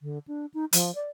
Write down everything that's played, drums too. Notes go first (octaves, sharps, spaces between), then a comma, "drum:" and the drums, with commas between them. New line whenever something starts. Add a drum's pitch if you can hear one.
D3
D4
D#4
F3, drum: hi-hat
D5